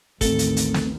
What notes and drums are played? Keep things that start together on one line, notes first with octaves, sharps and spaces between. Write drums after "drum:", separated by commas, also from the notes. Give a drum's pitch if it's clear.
A1 D#2 D#3 A3 C4 A4, drum: kick, hi-hat
drum: hi-hat
drum: hi-hat
drum: snare